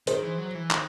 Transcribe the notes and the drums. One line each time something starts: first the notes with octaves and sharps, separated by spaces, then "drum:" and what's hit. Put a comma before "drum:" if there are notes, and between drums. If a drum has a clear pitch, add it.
D#3 G#4 C5, drum: open hi-hat
E3
F#3
E3
D#3, drum: clap